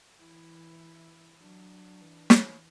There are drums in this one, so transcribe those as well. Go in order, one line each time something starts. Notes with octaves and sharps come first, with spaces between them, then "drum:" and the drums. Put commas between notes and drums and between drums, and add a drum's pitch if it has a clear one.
E3 E4
F#3 D4
E3
drum: snare